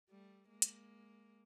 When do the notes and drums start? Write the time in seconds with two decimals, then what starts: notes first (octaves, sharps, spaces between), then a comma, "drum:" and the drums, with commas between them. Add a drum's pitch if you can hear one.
0.10 G3 A3
0.50 G#3 A#3
0.62 drum: hi-hat